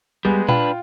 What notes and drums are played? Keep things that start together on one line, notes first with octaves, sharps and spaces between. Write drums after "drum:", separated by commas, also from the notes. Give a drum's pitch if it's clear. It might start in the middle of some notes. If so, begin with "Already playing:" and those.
G3 G#3 B3 G#4
D4 F4 B4 G5, drum: tom A#2